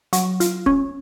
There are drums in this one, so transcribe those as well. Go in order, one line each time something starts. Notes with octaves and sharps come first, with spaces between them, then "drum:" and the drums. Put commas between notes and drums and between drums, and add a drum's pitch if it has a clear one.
F#3, drum: hi-hat
F4, drum: hi-hat
C#4, drum: kick